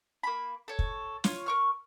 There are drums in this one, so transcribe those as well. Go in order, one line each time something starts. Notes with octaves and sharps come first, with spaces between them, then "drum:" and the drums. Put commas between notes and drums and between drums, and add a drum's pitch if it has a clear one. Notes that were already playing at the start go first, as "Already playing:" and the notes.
A#3 B5
A4 C#5
drum: kick
F4 C#5, drum: snare
A#4 C#6 F6